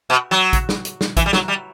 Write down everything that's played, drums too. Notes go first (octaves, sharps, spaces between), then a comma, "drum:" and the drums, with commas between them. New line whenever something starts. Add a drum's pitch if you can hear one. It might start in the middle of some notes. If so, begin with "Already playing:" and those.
B2
F#3
drum: kick A1, hi-hat
drum: snare
drum: hi-hat
drum: snare
E3, drum: kick A1, hi-hat
G3
F#3, drum: snare
G3